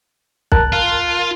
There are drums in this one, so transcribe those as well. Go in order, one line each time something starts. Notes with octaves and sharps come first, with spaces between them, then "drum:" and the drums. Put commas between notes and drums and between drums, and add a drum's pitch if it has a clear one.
A#4 A5 F#6, drum: kick
F4